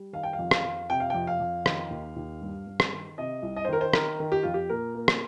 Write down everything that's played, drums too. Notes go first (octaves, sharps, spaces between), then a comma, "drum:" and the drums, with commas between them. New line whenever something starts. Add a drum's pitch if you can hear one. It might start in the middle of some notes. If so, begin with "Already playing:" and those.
Already playing: G3
D#3 F5
G5
F5
F2
F5, drum: rim click
F2
C3 G5
F5
F2 G5
F5
F2
D#3, drum: rim click
D#2
D#2
G2
G2
drum: rim click
D#3
C3 D#5
C2
D#5
C5
D#3 A#4
C5
D#3 A#4, drum: rim click
D#3
G4
F2 F4
G4
A#2 A#4
A#3
drum: rim click